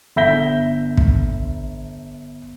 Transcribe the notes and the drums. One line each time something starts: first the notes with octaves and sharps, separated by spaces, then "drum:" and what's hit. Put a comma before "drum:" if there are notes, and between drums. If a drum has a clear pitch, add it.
G1 E5 G6 A#6 B6 G7
drum: kick